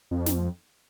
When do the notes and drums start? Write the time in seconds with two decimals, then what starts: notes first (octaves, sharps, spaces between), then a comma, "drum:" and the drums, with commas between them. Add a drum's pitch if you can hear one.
0.11 F2
0.26 drum: snare